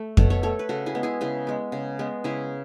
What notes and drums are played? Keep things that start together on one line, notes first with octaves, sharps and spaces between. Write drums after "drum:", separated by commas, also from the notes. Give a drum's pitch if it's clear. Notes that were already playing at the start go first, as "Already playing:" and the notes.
Already playing: A3
B2 A4 C#5, drum: kick F2
A4 C#5
A3 A4 C#5
B4
C#3 F#4 A4
E4 G#4
G#3 B3
E4 G#4
C#3 E4 G#4
G#3 B3
C#3
G#3 B3
C#3 E4 G#4